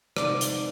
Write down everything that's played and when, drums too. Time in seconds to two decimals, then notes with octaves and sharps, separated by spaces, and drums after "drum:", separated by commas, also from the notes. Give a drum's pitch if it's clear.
0.16 F2 C3 D#3 D5, drum: rim click
0.41 drum: hi-hat